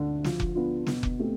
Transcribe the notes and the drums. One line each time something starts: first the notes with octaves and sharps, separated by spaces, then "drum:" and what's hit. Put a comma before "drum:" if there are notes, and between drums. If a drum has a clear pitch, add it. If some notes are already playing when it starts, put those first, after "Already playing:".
Already playing: D2 D3 D4
F3, drum: snare
drum: kick F1
B3 D4 F4
B2, drum: snare
drum: kick F1
A3 C4 G4